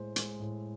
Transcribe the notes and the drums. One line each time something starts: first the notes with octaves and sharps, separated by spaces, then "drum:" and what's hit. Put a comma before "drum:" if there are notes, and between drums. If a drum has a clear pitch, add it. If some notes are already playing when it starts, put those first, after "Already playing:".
Already playing: A2 G#3 C5
G#3, drum: hi-hat
A2